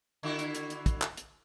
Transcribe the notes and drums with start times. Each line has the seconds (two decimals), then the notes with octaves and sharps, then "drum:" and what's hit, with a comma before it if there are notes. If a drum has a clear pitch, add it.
0.23 D3 E4 F#4
0.39 drum: hi-hat
0.55 drum: hi-hat
0.70 drum: hi-hat
0.86 drum: kick, hi-hat
1.02 drum: clap
1.17 drum: hi-hat